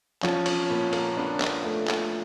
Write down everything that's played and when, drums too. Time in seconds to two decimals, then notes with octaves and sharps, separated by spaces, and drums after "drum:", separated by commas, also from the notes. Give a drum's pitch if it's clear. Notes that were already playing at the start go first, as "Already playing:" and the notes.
0.23 F3 C#4, drum: clap
0.46 C#4, drum: cymbal
0.69 A#2 B3
0.93 A#3, drum: cymbal
1.17 B3 D4
1.40 drum: clap
1.64 A3
1.88 drum: clap